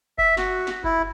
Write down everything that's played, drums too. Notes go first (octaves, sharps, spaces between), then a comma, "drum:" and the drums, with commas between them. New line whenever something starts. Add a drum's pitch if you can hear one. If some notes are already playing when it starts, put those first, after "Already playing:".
E5, drum: kick F#1
F#4, drum: snare
drum: snare
E4, drum: kick F#1